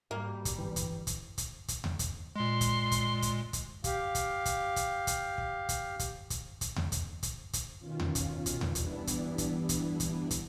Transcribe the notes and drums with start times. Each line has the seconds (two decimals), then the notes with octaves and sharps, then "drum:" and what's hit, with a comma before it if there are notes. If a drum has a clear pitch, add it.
0.11 G#2 G3 A#3
0.45 drum: kick, hi-hat
0.58 G1 E3
0.76 drum: kick, hi-hat
1.07 drum: kick, hi-hat
1.38 drum: kick, hi-hat
1.68 drum: kick, hi-hat
1.84 drum: tom D#2
1.99 drum: kick, hi-hat
2.36 A#2 G#3 C6
2.61 drum: kick, hi-hat
2.92 drum: kick, hi-hat
3.22 drum: kick, hi-hat
3.53 drum: kick, hi-hat
3.84 G4 F5, drum: kick, hi-hat
4.15 drum: kick, hi-hat
4.45 drum: kick, hi-hat
4.76 drum: kick, hi-hat
5.07 drum: kick, hi-hat
5.38 drum: kick
5.69 drum: kick, hi-hat
5.99 drum: kick, hi-hat
6.30 drum: kick, hi-hat
6.61 drum: kick, hi-hat
6.76 drum: tom D#2
6.92 drum: kick, hi-hat
7.23 drum: kick, hi-hat
7.53 drum: kick, hi-hat
7.79 B2 D#3 C#4 F4
8.00 drum: tom D#2
8.15 drum: kick, hi-hat
8.46 drum: kick, hi-hat
8.61 drum: tom D#2
8.75 E3 G3 B3 D4 E4, drum: kick, hi-hat
9.07 drum: kick, hi-hat
9.38 drum: kick, hi-hat
9.69 drum: kick, hi-hat
10.00 drum: kick, hi-hat
10.31 drum: kick, hi-hat